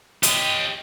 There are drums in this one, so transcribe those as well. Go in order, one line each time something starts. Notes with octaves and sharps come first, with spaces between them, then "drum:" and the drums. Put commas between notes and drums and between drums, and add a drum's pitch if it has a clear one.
G4 D#5, drum: hi-hat